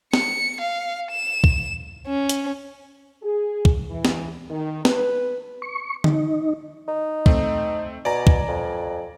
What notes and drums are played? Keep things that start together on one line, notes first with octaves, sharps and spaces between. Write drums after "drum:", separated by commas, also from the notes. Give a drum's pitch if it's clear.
C#7, drum: snare
F5
E7
drum: kick
C#4
drum: hi-hat
G#4
drum: kick
E3
drum: snare
D#3
B4, drum: snare
C#6
D#4, drum: tom D3
D#4
A3 C4, drum: kick
B2 D5 G#5 A#5
drum: kick
F2